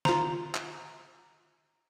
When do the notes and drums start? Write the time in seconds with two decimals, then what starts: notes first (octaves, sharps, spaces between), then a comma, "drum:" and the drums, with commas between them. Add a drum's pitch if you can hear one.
0.05 F4 C5 A#5, drum: snare
0.55 drum: clap